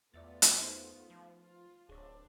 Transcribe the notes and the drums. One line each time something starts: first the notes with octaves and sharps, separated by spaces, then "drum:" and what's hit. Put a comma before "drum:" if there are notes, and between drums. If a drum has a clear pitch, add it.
E2 A3 B3 F4 D5 E5 A6
drum: hi-hat
D#4 C5
F3
F4
D1 C4 D4 G#4 C#5